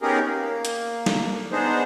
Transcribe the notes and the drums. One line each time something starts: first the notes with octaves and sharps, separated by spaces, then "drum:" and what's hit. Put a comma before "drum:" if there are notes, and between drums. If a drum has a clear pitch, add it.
B3 C#4 D#4 G4 G#4 A#4
A#3
drum: hi-hat
drum: snare
B3 D4 D#4 G#4 C5